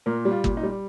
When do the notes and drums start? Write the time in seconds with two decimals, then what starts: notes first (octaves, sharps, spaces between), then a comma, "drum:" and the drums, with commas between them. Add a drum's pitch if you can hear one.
0.06 A#2 A#4
0.25 G3
0.31 F4
0.44 A#2, drum: kick
0.57 D#4
0.63 G3